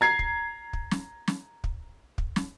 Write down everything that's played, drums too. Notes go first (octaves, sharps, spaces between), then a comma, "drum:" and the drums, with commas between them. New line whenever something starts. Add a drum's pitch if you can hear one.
A#5 G#6 C7
drum: kick
drum: kick
drum: snare
drum: snare
drum: kick
drum: kick
drum: snare